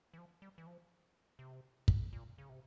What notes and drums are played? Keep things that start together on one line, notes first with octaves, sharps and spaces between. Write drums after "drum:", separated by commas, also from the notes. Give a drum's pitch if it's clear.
E3
F3
G3
E3
F3
C3
drum: kick
A#2
C#3
C3